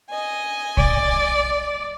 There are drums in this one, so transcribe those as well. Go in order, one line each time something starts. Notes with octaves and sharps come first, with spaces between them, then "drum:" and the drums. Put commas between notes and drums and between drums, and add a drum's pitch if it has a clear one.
D#5 G#5
D5, drum: kick